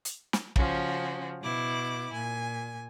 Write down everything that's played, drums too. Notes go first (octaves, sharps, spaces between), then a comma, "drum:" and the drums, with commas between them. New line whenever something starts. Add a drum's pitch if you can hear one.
drum: hi-hat
drum: snare
C#3 F3 C#4 F#4, drum: kick
B2 E4 D6
A#2 G#5